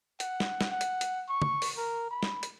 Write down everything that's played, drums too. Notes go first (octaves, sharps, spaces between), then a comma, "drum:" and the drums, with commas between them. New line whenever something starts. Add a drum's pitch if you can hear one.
F#5, drum: hi-hat
drum: snare
drum: snare
F#5
drum: hi-hat
drum: hi-hat
C#6
drum: tom
drum: open hi-hat
A#4
B5
drum: snare
drum: hi-hat